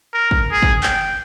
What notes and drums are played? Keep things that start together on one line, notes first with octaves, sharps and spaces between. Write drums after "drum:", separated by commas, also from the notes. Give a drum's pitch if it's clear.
A#4
drum: kick
G#4
drum: kick
G5, drum: clap